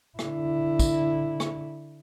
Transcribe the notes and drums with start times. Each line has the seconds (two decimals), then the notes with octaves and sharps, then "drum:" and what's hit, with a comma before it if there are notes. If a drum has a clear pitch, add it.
0.19 D3 E4, drum: rim click
0.79 drum: kick, tambourine
1.40 drum: rim click